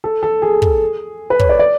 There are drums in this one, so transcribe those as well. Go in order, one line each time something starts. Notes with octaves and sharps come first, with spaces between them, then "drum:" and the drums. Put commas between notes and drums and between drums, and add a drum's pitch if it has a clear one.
A4
A4
G#4
drum: kick
B4
C#5, drum: kick
D5
D5